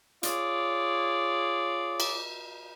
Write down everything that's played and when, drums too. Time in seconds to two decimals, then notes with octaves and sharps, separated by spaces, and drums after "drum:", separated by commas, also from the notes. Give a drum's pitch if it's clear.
0.23 F4 G#4 C#5 D5, drum: hi-hat
2.00 drum: cymbal